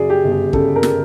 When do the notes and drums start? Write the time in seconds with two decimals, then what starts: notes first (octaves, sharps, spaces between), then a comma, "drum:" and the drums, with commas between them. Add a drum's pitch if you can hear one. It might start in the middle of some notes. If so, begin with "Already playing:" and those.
Already playing: F#2 C#3 G#4 D5
0.10 G4
0.24 G1
0.32 G#4
0.53 C#3 A4, drum: kick
0.76 A#4
0.83 C#3, drum: snare